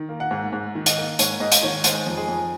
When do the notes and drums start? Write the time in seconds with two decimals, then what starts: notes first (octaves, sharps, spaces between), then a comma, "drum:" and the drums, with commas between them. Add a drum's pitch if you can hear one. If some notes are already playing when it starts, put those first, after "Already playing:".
Already playing: D#3
0.09 A#3
0.20 F#5
0.31 G#2
0.52 G#2
0.75 D#3
0.86 D#5, drum: hi-hat
0.97 A#3
1.19 G#2 C#5, drum: hi-hat
1.40 G#2 D#5
1.52 drum: hi-hat
1.63 D#3 C#5
1.84 G#3 C5, drum: hi-hat
2.07 F2
2.17 G#4
2.28 F2